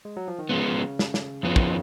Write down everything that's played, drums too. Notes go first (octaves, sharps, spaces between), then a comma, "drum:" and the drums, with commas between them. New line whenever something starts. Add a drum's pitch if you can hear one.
G#3
F#3
F3
D#3
C#3 F3 G#3 B3
drum: snare
drum: snare
F2 C#3 F3 B3
D#3, drum: kick